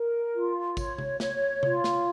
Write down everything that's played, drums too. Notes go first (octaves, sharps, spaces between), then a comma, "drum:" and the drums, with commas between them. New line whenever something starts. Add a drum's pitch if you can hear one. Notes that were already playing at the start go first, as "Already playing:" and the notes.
Already playing: A#4
F4
C#5, drum: kick, tambourine
drum: tom C3
C#5, drum: snare
F4, drum: tom C3
drum: snare